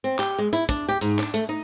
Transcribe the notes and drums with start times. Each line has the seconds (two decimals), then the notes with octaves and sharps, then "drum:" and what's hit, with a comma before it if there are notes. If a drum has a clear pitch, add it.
0.04 C4
0.19 G4, drum: clap
0.39 G#3
0.53 E4, drum: hi-hat
0.69 D4, drum: kick, hi-hat
0.89 G4
1.01 G#2, drum: hi-hat
1.19 D4, drum: clap
1.34 A3, drum: hi-hat
1.49 D#4